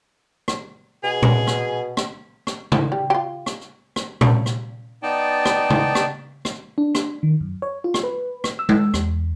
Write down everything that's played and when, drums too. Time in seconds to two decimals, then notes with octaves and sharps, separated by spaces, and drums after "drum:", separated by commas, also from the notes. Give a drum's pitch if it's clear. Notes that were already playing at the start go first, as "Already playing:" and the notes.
0.48 drum: rim click
1.04 B2 G#4
1.23 drum: tom A#2
1.47 drum: rim click
1.97 drum: rim click
2.47 drum: rim click
2.72 drum: tom C#3
2.92 G3
3.10 F4 G4
3.46 drum: rim click
3.96 drum: rim click
4.21 drum: tom A#2
4.46 drum: rim click
5.03 B3 D#4 D5 G5 A5
5.45 drum: rim click
5.70 drum: tom C#3
5.95 drum: rim click
6.45 drum: rim click
6.78 D4
6.95 drum: rim click
7.23 D#3
7.41 F#2
7.62 C#5
7.84 F4
7.94 drum: rim click
8.04 B4
8.44 drum: rim click
8.59 E6
8.69 drum: tom G#3
8.94 E2, drum: rim click